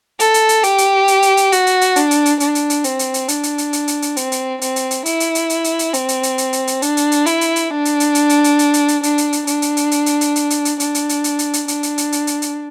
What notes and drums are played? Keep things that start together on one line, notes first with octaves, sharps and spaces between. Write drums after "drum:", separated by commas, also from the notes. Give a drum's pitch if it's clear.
A4, drum: hi-hat
drum: hi-hat
drum: hi-hat
G4, drum: hi-hat
drum: hi-hat
drum: hi-hat
drum: hi-hat
drum: hi-hat
F#4, drum: hi-hat
drum: hi-hat
drum: hi-hat
D4, drum: hi-hat
drum: hi-hat
drum: hi-hat
D4, drum: hi-hat
drum: hi-hat
drum: hi-hat
C4, drum: hi-hat
drum: hi-hat
drum: hi-hat
D4, drum: hi-hat
drum: hi-hat
drum: hi-hat
drum: hi-hat
drum: hi-hat
drum: hi-hat
C4, drum: hi-hat
drum: hi-hat
C4, drum: hi-hat
drum: hi-hat
drum: hi-hat
E4, drum: hi-hat
drum: hi-hat
drum: hi-hat
drum: hi-hat
drum: hi-hat
drum: hi-hat
C4, drum: hi-hat
drum: hi-hat
drum: hi-hat
drum: hi-hat
drum: hi-hat
drum: hi-hat
D4, drum: hi-hat
drum: hi-hat
drum: hi-hat
E4, drum: hi-hat
drum: hi-hat
drum: hi-hat
D4
drum: hi-hat
drum: hi-hat
drum: hi-hat
drum: hi-hat
drum: hi-hat
drum: hi-hat
drum: hi-hat
drum: hi-hat
D4, drum: hi-hat
drum: hi-hat
drum: hi-hat
D4, drum: hi-hat
drum: hi-hat
drum: hi-hat
drum: hi-hat
drum: hi-hat
drum: hi-hat
drum: hi-hat
drum: hi-hat
drum: hi-hat
D4, drum: hi-hat
drum: hi-hat
drum: hi-hat
drum: hi-hat
drum: hi-hat
drum: hi-hat
D4, drum: hi-hat
drum: hi-hat
drum: hi-hat
drum: hi-hat
drum: hi-hat
drum: hi-hat